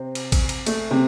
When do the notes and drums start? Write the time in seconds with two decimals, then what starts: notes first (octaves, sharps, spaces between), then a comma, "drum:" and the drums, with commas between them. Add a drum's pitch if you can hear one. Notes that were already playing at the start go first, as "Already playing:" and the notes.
Already playing: C3 C4
0.15 drum: cymbal
0.32 drum: kick, cymbal
0.49 drum: cymbal
0.66 A3, drum: cymbal
0.91 C3 C4